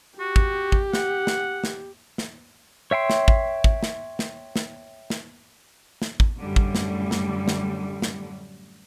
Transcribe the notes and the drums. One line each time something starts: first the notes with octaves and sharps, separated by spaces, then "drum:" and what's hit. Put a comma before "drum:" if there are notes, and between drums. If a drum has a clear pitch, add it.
F#4 G4
drum: kick
drum: kick
F#5, drum: snare
drum: snare
drum: snare
drum: snare
C#5 E5 G5 C6
drum: snare
drum: kick
drum: kick
drum: snare
drum: snare
drum: snare
drum: snare
drum: snare
drum: kick
F#2 A2 D3 G3
drum: kick
drum: snare
drum: snare
drum: snare
drum: snare